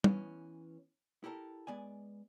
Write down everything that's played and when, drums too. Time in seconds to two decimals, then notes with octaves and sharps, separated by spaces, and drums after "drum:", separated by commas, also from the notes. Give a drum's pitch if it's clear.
0.04 E3 B3 C#4, drum: tom
1.24 E4 G4 A4 A#4
1.67 G#3 B3 D5 G#5